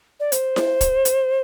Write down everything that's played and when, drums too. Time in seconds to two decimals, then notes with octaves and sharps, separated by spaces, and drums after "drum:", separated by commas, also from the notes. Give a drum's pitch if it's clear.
0.20 D5
0.32 C5, drum: hi-hat
0.56 drum: snare E4
0.81 drum: kick, hi-hat
1.05 drum: hi-hat